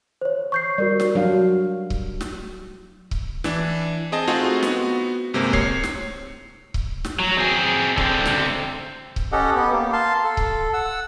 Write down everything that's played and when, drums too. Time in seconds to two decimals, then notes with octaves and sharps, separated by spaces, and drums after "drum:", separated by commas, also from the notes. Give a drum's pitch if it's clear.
0.21 C5 C#5
0.52 C#6 G6 C7
0.78 G3 F#4 A#4 D5
1.00 drum: snare
1.15 F#3 D4 F5
1.90 drum: kick C#1
2.21 drum: snare
3.11 drum: kick C#1
3.44 E3 D4, drum: snare
4.12 C4 G#4 D#5 A5
4.27 A3 C4 D#4 F4 F#4 G#4
4.63 B3 F#4, drum: snare
5.34 G1 C3 G#3 A#3 C4
5.53 C#5 C7, drum: kick C#1
5.84 drum: snare
6.74 drum: kick C#1
7.05 drum: snare
7.19 F#3
7.38 C4 G#4
7.98 D3 C4, drum: kick C#1
8.25 drum: snare
9.16 drum: kick C#1
9.32 C#4 G4 A4 D#5 F#5
9.55 B3 G4
9.72 A#3
9.93 F5 A5 C6
10.24 A4
10.37 drum: kick C#1
10.74 F#5 E6